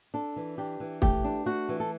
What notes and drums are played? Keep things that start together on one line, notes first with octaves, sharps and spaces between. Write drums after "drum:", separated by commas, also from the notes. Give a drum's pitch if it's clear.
D4 A4
E3
D4 G4
E3
A3 G4, drum: kick
D4
A3 F#4
E3
A4